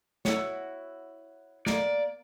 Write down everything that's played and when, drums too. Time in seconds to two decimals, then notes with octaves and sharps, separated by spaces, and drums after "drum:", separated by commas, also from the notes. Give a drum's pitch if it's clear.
0.25 E4 F#4 C#5, drum: snare
1.66 A#3 D5, drum: snare